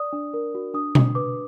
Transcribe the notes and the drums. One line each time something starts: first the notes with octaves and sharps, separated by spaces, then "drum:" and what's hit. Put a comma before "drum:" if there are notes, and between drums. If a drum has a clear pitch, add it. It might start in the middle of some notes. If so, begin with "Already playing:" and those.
Already playing: D5 D#6
D4
A#4
F#4
D4 D#6
D4, drum: tom B2
B4 D6